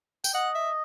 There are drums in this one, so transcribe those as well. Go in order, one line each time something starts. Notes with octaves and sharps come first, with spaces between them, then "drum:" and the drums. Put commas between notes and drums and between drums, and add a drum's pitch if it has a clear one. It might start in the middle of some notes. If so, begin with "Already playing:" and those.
G5, drum: tambourine
D#5 F#5
E5